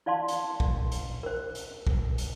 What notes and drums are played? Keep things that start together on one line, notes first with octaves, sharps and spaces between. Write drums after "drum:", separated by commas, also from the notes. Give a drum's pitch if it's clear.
E4 D5 F5 A5 C6
drum: hi-hat
drum: kick
drum: hi-hat
A#4 C5
drum: hi-hat
drum: kick
drum: hi-hat